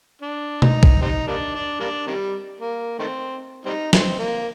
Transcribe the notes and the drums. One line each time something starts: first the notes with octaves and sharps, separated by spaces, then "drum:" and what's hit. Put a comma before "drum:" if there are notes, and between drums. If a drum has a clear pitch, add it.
D4
D#4, drum: tom B2
drum: kick
G3 C4 D#4
G3 A#3 D4
D4
G3 A#3 D4
C3 D#3 G3
A#3
D#3 A3 C4
G3 C4 D#4
D#3 A3 C4, drum: snare
A#3